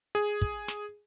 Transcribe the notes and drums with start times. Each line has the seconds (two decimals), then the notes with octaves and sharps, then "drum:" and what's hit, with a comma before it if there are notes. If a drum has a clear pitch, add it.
0.15 G#4
0.42 drum: kick
0.68 drum: snare